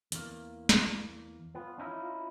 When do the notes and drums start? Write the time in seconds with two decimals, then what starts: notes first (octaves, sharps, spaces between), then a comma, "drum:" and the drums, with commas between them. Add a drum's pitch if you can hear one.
0.12 E2 A#3, drum: hi-hat
0.69 drum: snare
1.55 B3 F4
1.78 C#4 D#4 E4